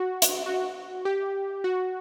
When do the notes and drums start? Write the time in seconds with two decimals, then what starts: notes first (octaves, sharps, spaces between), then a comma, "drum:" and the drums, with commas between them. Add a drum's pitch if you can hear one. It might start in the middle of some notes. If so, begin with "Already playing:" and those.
Already playing: F#4
0.22 drum: hi-hat
0.46 F#4
1.05 G4
1.64 F#4